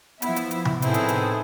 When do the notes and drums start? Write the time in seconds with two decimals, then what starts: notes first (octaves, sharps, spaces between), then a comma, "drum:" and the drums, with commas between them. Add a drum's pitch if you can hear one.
0.22 F3 B3 E4, drum: hi-hat
0.36 drum: hi-hat
0.51 drum: hi-hat
0.65 drum: tom C3
0.82 A2 B3 C4 D#4 E4 G#4 A4, drum: hi-hat
0.94 drum: hi-hat
1.09 drum: hi-hat